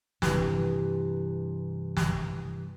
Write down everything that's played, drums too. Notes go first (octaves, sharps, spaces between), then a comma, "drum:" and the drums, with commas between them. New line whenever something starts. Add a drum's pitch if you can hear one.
G2 C3 E3, drum: snare
drum: snare